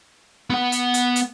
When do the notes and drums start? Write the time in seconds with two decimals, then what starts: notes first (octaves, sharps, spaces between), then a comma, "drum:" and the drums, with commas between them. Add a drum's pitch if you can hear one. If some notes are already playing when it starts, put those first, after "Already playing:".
0.50 B3 F#5
0.72 drum: hi-hat
0.94 drum: hi-hat
1.16 drum: hi-hat